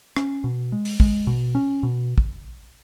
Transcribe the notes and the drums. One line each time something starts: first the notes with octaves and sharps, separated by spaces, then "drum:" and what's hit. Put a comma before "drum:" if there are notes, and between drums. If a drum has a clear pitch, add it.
C#4, drum: rim click
B2
G#3
drum: open hi-hat
G#3, drum: kick
B2
C#4
B2
drum: kick